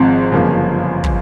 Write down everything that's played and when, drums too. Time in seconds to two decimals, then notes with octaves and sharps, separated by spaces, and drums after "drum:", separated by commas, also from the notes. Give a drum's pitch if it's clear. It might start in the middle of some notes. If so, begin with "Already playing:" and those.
Already playing: G#1 G#2 F3 C4
0.32 G1 F#2 C#3 F3 A#3
1.04 drum: kick